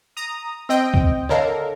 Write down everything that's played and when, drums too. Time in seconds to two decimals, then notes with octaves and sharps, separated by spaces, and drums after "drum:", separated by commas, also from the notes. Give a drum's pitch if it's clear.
0.17 A#5 D#6
0.69 C4 D#5 G5 E6
0.94 drum: kick C#2
1.29 D3 A4 A#4 C#5 D#5 F5